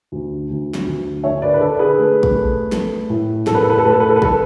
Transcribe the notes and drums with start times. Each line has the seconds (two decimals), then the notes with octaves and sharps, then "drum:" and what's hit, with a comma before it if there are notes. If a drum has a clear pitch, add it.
0.12 D2
0.50 D2
0.74 drum: snare
0.86 D2
1.24 D3 C#5 E5
1.42 B4 D5
1.54 B4
1.61 D3 A4
1.79 G#4 B4
1.98 A3
2.23 drum: kick
2.35 A3
2.72 A3, drum: snare
3.10 A2
3.47 A2 A4, drum: snare
3.55 B4
3.63 A4
3.70 B4
3.78 A4
3.84 A3 B4
3.93 A4
4.00 B4
4.09 A4
4.16 B4
4.22 A3 A4, drum: kick